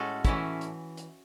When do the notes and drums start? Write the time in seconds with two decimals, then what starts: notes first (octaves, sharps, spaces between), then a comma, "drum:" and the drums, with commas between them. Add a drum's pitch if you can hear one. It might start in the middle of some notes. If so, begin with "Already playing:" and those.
Already playing: A2 G#3 C#4 F#4 A4
0.25 E3 A3 C#4 E4, drum: kick, hi-hat
0.61 drum: hi-hat
0.97 drum: hi-hat